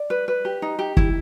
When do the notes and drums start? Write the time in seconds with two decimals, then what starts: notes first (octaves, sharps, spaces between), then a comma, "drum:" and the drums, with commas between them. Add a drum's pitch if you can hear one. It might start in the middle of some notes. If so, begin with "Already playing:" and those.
Already playing: D5
0.10 B4
0.28 B4
0.45 G4
0.62 D#4
0.79 G4
0.97 E4, drum: kick